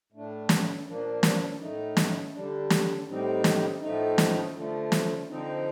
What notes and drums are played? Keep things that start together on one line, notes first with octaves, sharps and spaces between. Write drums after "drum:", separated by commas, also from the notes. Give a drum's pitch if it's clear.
A2 A3 D4
drum: snare
A#2 F3 A#3 D4
drum: snare
A2 A3 D#4
drum: snare
D3 G3 D4
drum: snare
A2 G3 C4 D#4
drum: snare
A2 F3 A3 D#4
drum: snare
D3 F3 A3
drum: snare
D3 F3 C4 D#4